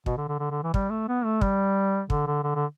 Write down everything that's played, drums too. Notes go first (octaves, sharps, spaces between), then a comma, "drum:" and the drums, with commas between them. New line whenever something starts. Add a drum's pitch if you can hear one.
B2, drum: kick
D3
D3
D3
D3
E3
G3, drum: kick
A3
B3
A3
G3, drum: kick
D3, drum: kick
D3
D3
D3